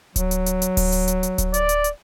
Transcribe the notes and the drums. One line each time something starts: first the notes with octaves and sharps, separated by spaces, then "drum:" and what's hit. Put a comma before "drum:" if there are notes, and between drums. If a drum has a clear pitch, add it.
F#3, drum: kick D1, hi-hat
drum: hi-hat
drum: hi-hat
drum: hi-hat
drum: kick D1, open hi-hat
drum: hi-hat
drum: hi-hat
drum: hi-hat
drum: kick D1, hi-hat
D5, drum: hi-hat
drum: hi-hat
drum: hi-hat